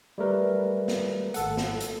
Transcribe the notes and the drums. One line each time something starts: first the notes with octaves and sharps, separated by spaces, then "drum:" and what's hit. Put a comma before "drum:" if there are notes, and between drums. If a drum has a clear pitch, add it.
G3 A3 A#4 B4
drum: snare
G#1 A4 F#5, drum: hi-hat
drum: snare
drum: hi-hat